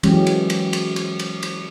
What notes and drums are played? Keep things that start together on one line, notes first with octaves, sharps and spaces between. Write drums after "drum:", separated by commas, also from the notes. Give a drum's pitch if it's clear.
E3 F#3 G#3 C#4 G4, drum: cymbal
drum: cymbal
drum: cymbal
drum: cymbal
drum: cymbal
drum: cymbal
drum: cymbal